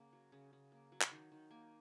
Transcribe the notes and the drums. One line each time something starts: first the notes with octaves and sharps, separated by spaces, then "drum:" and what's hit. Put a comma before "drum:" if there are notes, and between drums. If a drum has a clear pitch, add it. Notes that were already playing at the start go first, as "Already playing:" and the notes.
Already playing: C#3 A#3 F#5
F#3
C#3
C#3
A#3
F#3
drum: clap
D#3
D#3
A#3 G#5